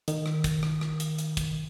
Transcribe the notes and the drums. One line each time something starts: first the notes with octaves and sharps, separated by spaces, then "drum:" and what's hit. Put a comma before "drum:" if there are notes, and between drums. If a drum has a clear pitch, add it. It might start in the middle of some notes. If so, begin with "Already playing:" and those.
D#3, drum: hi-hat
drum: rim click
drum: kick, hi-hat
drum: rim click
drum: rim click
drum: hi-hat
drum: hi-hat
drum: kick, hi-hat